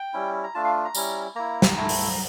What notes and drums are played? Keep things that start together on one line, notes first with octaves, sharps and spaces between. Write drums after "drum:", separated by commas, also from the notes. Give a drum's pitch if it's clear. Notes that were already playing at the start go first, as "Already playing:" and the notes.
Already playing: G5
G3 C#4 E4
A#5
A3 D4 F4 A5
F5
A#5
G3 C#4 E4, drum: tambourine
A#3 E4 A#5
drum: snare
A3 E4
drum: open hi-hat